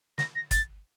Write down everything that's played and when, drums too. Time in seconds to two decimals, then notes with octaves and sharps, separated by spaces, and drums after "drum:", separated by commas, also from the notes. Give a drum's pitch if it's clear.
0.18 A#6, drum: snare
0.35 A#6
0.51 A6, drum: kick, hi-hat